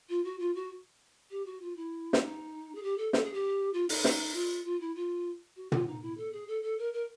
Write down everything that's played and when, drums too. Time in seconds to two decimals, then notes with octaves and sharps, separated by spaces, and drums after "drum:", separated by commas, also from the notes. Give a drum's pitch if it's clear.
0.09 F4
0.24 F#4
0.40 F4
0.55 F#4
1.31 G4
1.46 F#4
1.62 F4
1.76 E4
2.13 drum: snare
2.22 D#4
2.75 G#4
2.83 G4
2.98 A4
3.13 A4, drum: snare
3.24 G#4
3.34 G4
3.74 F4
3.89 D#4, drum: open hi-hat
4.04 D#4, drum: snare
4.34 F4
4.65 F4
4.81 E4
4.96 F4
5.56 F#4
5.72 F4, drum: tom
5.87 D#4
6.02 E4
6.17 A4
6.32 G#4
6.48 A4
6.63 A4
6.78 A#4
6.94 A#4